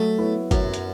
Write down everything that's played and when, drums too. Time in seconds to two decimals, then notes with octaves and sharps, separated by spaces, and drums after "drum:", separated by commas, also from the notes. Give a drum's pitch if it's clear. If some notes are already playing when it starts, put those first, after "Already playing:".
Already playing: F#3 A3
0.18 B3 E4 C#5
0.51 F#2 F#3, drum: kick G1, hi-hat
0.74 drum: hi-hat